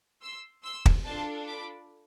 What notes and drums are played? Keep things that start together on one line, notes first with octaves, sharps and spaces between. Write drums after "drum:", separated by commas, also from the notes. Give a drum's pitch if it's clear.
C6 E6
C6 E6
drum: kick
D4 F4 A4 A5 C6
B5 D6